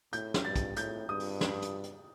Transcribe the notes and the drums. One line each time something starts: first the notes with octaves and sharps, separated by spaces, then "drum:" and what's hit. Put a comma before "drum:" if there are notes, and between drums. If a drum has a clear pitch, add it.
A2 G6, drum: hi-hat
drum: snare
G2 A6
drum: kick, hi-hat
A2 G6, drum: hi-hat
G2 D#6
drum: open hi-hat
drum: snare
drum: hi-hat
drum: hi-hat